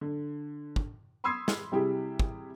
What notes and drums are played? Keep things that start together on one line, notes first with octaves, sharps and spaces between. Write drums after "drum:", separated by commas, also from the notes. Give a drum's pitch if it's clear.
D3
drum: kick
B5 C6 D#6 E6 G#6 C7
drum: snare
C3 G3 E4 G4 G#4
drum: kick